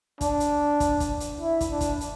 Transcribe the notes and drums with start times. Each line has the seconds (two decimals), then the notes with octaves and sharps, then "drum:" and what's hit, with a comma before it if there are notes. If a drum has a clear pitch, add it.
0.21 D4, drum: kick, hi-hat
0.40 drum: hi-hat
0.80 drum: kick, hi-hat
1.00 drum: kick, hi-hat
1.20 drum: hi-hat
1.40 E4
1.61 drum: kick, hi-hat
1.71 D4
1.81 drum: kick, hi-hat
2.01 drum: hi-hat